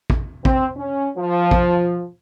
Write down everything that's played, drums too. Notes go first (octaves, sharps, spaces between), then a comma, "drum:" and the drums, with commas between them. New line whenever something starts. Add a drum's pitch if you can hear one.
drum: kick
C4, drum: kick
C#4
F3
drum: kick